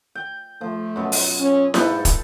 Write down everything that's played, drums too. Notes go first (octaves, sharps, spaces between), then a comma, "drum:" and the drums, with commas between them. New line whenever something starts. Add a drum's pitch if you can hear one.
G5
F3 A3
F#2 B2
drum: open hi-hat
C#4
G#2 A4 B4 G5, drum: snare E4
drum: kick, hi-hat